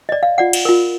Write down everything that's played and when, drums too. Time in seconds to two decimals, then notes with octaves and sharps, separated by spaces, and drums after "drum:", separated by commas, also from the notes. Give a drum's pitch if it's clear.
0.09 D5 D#5
0.23 F5
0.38 F4 D5 F#5
0.53 drum: cymbal
0.65 F4 A#4